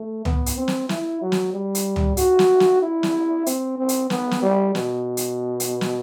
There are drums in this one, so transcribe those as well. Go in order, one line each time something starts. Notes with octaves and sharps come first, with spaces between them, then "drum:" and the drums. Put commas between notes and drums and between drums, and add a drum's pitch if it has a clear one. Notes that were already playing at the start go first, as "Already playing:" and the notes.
Already playing: A3
B3, drum: tom C#2
drum: hi-hat
C4
drum: snare
E4, drum: snare
F#3
drum: snare
G3
drum: hi-hat
drum: tom C#2
F#4, drum: hi-hat
drum: snare
drum: snare
E4
drum: snare
C4, drum: hi-hat
C4
drum: hi-hat
B3, drum: snare
drum: snare
G3
B2, drum: snare
drum: hi-hat
drum: hi-hat
drum: snare